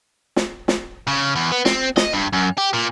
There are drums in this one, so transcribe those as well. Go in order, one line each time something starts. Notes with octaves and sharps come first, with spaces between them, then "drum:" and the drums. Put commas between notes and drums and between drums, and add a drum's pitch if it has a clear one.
drum: snare
drum: snare
C#3
E2
B3
C4, drum: snare
D#5, drum: snare
G2
F#2
G4
A#2